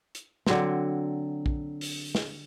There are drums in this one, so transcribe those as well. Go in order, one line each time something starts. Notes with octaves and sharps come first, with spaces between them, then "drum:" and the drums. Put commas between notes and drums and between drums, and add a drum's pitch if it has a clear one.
drum: hi-hat
D3 F#3 C4, drum: snare
drum: kick A#1
drum: open hi-hat
drum: snare